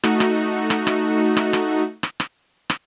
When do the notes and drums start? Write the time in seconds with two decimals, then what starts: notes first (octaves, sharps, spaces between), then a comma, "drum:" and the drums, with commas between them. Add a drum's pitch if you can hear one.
0.04 A3 D#4 F#4, drum: rim click
0.20 drum: rim click
0.70 drum: rim click
0.87 drum: rim click
1.37 drum: rim click
1.53 drum: rim click
2.03 drum: rim click
2.20 drum: rim click
2.70 drum: rim click